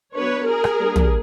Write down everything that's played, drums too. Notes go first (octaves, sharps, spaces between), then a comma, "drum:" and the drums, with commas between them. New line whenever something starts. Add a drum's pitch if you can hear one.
F#3 B3 D4 B4 C#5
G#4 A#4
drum: rim click
G3 A#3 D4
drum: tom